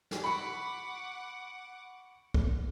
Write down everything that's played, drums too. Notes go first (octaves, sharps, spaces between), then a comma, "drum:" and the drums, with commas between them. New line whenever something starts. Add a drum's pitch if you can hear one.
drum: snare
F#5 B5 C#6 D6
drum: kick